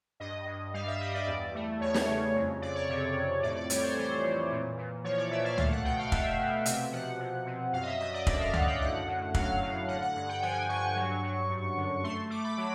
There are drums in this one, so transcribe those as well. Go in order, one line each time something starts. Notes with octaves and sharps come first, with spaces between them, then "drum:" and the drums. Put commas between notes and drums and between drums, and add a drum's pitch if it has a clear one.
G2 D#5
G2
G3 F5
E5
G3 D#5
D5
E2
A3
E2 C#5
drum: snare
C#3
F2
F2 D5
C#5
C3
F2
A2 D5
D5
G3 C#5, drum: hi-hat
C5
E3 C5
E3
A#2
A#2
F3 C#5
D5
A#2 E5
F5
A3 F5, drum: tom C#2
F#5
B2 G5
F5
A3 E5, drum: kick
B2
C3 E5, drum: hi-hat
F3 F#5
C3
C3
F#2 F5
D#5
E5
F#2 D#5
D5
D3 E5, drum: kick
F5
F#2 F#5, drum: tom C#2
G5
A2 F#5
A2
F#3 F5, drum: kick
A2
D3 F#5
F#5
G2 F#5
G5
F3 G#5
G2 C#6
F#3
F#3
F#2
D3
A3 C6
A3 D6
B5
F#3 B5